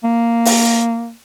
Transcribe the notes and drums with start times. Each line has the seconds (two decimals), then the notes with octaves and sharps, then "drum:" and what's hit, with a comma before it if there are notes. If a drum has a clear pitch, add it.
0.04 A#3
0.45 drum: open hi-hat